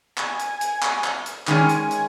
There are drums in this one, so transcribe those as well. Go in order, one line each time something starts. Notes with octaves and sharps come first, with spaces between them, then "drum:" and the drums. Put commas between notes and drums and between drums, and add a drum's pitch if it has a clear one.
G#5, drum: clap
drum: hi-hat
drum: hi-hat
drum: clap
drum: clap
drum: hi-hat
D#3 G#3 C#4 G#5, drum: clap
drum: hi-hat
drum: hi-hat